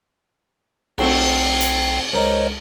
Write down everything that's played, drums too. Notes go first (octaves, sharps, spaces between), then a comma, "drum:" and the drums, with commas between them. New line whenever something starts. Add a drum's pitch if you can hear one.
B1 A3 C4 F#4 G5 C7, drum: cymbal
drum: hi-hat
C#2 A#4 C5 C#5 D#5 A#5